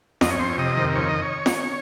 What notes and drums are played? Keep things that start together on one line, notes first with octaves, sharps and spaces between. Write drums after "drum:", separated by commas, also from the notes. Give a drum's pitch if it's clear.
F2 D#5, drum: snare F4
C#5
F2 C5
C#5
C3 D#5
D#3
F2 C#5
D#5
C#5
drum: snare F4